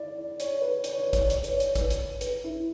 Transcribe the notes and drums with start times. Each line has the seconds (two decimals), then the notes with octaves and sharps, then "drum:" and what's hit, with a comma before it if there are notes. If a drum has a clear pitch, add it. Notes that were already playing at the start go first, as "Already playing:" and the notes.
Already playing: E4 D5
0.16 D5
0.40 C#5, drum: hi-hat
0.62 B4
0.84 D5, drum: hi-hat
0.94 C#5
1.04 B4
1.13 C#5, drum: kick A1, hi-hat
1.30 D5, drum: hi-hat
1.38 C#5
1.44 B4, drum: hi-hat
1.51 C#5
1.60 drum: hi-hat
1.75 B4, drum: kick A1, hi-hat
1.90 drum: hi-hat
2.21 B4, drum: hi-hat
2.44 E4